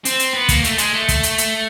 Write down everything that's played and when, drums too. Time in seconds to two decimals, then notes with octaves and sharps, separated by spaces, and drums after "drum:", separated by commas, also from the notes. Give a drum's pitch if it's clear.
0.05 C4, drum: hi-hat
0.19 drum: hi-hat
0.34 B3
0.49 A#3, drum: kick, hi-hat
0.64 A3, drum: hi-hat
0.78 G#3, drum: hi-hat
0.94 A3
1.08 drum: kick, hi-hat
1.23 drum: hi-hat
1.38 drum: hi-hat